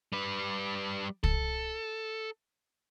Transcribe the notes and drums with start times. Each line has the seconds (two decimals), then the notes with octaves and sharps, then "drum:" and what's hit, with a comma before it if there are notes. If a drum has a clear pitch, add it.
0.13 G3 B4
1.24 A4, drum: kick